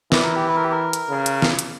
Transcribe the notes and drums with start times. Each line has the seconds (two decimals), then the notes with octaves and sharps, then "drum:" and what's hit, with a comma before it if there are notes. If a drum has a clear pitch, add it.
0.12 E3 D5, drum: snare
0.24 A#4
0.36 G4
0.48 B4
0.57 A#4
0.64 G4
0.72 A#4
0.93 drum: hi-hat
1.10 C#3
1.26 drum: hi-hat
1.42 drum: snare
1.59 drum: hi-hat